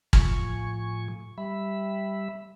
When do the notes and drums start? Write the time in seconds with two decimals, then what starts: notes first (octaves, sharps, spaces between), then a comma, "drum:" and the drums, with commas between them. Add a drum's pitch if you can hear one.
0.13 A2 F3 G#5 C#6, drum: kick
1.38 G3 E5 B5